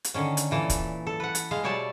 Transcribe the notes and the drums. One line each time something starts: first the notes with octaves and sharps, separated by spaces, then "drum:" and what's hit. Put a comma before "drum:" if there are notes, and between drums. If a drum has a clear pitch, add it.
drum: hi-hat
D3 D#3 C#4
drum: hi-hat
A#2 E3 A4
drum: kick, hi-hat
A4
B4 F#5
drum: hi-hat
G#3 F5
B2 G3 C#5 D5 E5 A5